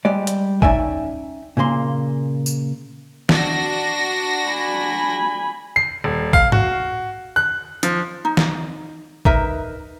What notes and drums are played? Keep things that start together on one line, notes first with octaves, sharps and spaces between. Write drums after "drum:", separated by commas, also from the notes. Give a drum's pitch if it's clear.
G3 G#3 D5
drum: hi-hat
C#4 D#4 D5 E5 G5 G#5, drum: kick
A#2 C#3 A#3 C6
drum: tambourine
D4 F#4 A#6, drum: snare
G#5 B5
C7
D#1
F5, drum: kick
F#4, drum: tom G#2
F#6
F3, drum: hi-hat
D#4
drum: snare
D#4 A#4 B4 E5, drum: kick